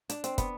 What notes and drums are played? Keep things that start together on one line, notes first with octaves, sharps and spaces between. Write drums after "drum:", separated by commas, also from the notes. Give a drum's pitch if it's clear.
D4, drum: hi-hat
C4, drum: hi-hat
B3, drum: kick, hi-hat